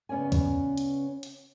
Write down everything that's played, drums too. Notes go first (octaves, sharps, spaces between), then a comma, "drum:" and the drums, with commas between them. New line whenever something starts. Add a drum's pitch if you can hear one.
C#3 B3 C#4 D5 G#5
drum: kick C#2, hi-hat
drum: hi-hat
drum: hi-hat